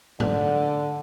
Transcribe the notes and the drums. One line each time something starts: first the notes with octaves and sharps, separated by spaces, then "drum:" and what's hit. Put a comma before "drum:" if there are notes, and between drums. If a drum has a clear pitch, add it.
D3, drum: tom